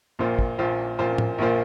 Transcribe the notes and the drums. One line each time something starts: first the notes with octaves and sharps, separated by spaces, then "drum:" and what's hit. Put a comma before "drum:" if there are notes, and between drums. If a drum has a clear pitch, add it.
A#1 A#2 A#3 F4 C5
drum: kick
A#1 A#2 A#3 F4 C5
A#1 A#2 A#3 F4 C5
drum: tom A2
A#1 A#2 A#3 F4 C5